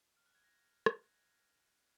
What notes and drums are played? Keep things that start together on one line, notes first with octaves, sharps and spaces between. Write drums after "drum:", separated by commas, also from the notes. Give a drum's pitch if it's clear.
F6
F#6
G#6
A#6
drum: rim click